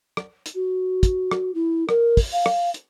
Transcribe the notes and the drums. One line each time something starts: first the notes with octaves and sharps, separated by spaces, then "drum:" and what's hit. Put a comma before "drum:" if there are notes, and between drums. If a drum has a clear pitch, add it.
drum: rim click
drum: hi-hat
F#4
drum: kick, hi-hat
drum: rim click
E4
A#4, drum: rim click
drum: kick, open hi-hat
F5
drum: rim click
drum: hi-hat